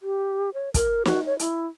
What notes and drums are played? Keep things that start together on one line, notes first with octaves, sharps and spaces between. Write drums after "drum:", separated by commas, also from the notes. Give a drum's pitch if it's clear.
G4
C#5
A#4, drum: kick, hi-hat
F#4, drum: snare
C#5
E4, drum: hi-hat